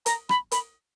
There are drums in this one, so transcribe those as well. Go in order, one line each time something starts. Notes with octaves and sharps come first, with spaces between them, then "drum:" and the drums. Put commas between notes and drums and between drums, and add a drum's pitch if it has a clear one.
A#5, drum: hi-hat
B5, drum: rim click
B5, drum: hi-hat